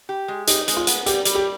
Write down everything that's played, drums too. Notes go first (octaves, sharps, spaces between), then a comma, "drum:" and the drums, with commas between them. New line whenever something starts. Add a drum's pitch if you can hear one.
G4
G#3
D#4 G4, drum: hi-hat
G#3, drum: hi-hat
F4
B3, drum: hi-hat
G3 G4, drum: hi-hat
G3, drum: hi-hat
G4